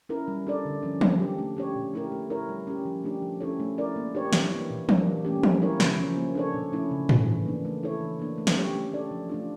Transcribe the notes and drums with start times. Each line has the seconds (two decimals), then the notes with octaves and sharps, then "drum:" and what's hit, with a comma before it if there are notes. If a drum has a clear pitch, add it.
0.09 C#4 E4 A#4
0.28 G3
0.47 D4 A4 D5
0.65 D3
0.83 F3 C#4
1.01 A#3, drum: tom
1.20 D4 G4
1.39 A3
1.57 C#4 G4 C#5
1.75 A#2
1.94 A3 E4 G4 A#4
2.12 A3
2.30 E4 A#4 C#5
2.49 G3
2.67 C#4 G4
2.86 F3
3.04 A3 D4 G4
3.22 F3
3.41 C#4 E4 A4 C#5
3.60 A3
3.78 E4 A#4 D5
3.96 A#3
4.15 D4 G4 C#5
4.33 E3, drum: snare
4.52 A#3 E4
4.70 A#2
4.89 G3 A#3 D4, drum: tom
5.07 E3
5.25 A3 C#4 G4
5.43 A#3, drum: tom
5.62 E4 A#4 C#5
5.80 C#3, drum: snare
5.98 F3 C#4
6.17 A#3
6.35 D4 A4 C#5
6.53 A#2
6.72 F3 A3 C#4 E4
6.91 C#3
7.09 E3 A3, drum: tom G#2
7.27 E3
7.45 A#3 D4
7.65 A3
7.83 E4 A4 C#5
8.01 E3
8.19 A#3 D4
8.38 A3
8.47 drum: snare
8.56 C#4 G4 C#5
8.75 A3
8.93 D4 A4 D5
9.11 F3
9.29 A3 D4 F4